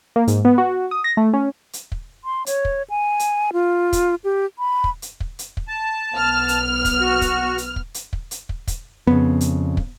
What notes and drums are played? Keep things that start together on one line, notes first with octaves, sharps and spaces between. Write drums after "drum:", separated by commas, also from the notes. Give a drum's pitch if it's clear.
A#3
G#2, drum: hi-hat
B3
F#4
D#6
A#6
A3
C#4
drum: hi-hat
drum: kick
C6
C#5, drum: hi-hat
drum: kick
G#5
drum: hi-hat
F4
drum: kick, hi-hat
G4
B5
drum: kick
drum: hi-hat
drum: kick
drum: hi-hat
drum: kick
A5
B1 B3 F6
drum: hi-hat
drum: kick, hi-hat
F#4
drum: kick, hi-hat
drum: hi-hat
drum: kick
drum: hi-hat
drum: kick
drum: hi-hat
drum: kick
drum: kick, hi-hat
F2 C#3 B3
drum: hi-hat
drum: kick